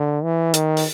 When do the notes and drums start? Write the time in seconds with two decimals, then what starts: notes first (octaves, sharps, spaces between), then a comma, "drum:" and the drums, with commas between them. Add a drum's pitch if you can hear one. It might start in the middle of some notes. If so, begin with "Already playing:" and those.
Already playing: D3
0.24 E3
0.54 D#3, drum: hi-hat
0.77 drum: open hi-hat